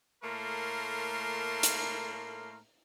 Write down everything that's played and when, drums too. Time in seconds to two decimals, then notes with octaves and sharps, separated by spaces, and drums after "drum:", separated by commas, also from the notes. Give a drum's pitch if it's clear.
0.24 A2 A3 A#3 A#4 C6
1.63 drum: hi-hat